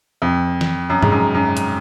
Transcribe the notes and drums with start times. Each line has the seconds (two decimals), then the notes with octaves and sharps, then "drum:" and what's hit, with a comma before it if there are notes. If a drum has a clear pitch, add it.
0.22 F2
0.61 drum: snare
0.90 F#2
1.03 G#2, drum: tom G#2
1.12 F#2
1.34 F#2
1.57 drum: hi-hat